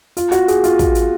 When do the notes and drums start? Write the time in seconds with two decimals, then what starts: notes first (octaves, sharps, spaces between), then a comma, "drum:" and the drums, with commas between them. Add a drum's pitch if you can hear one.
0.17 F4, drum: hi-hat
0.32 F#4, drum: hi-hat
0.48 G#4, drum: hi-hat
0.64 F4, drum: hi-hat
0.79 drum: kick, hi-hat
0.95 drum: hi-hat